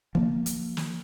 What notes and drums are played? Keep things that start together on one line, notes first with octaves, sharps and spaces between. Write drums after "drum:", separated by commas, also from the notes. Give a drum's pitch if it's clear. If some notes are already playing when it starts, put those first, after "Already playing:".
F3 A#3, drum: kick
drum: hi-hat
drum: snare